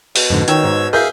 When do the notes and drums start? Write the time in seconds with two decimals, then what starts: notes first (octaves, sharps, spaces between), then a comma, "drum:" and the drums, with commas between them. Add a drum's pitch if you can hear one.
0.16 B2, drum: open hi-hat
0.30 F2 G#2 D3
0.48 D#3 C#5 G5 E6 G#6, drum: hi-hat
0.63 G#2
0.93 G#4 A#4 E5 F5 G6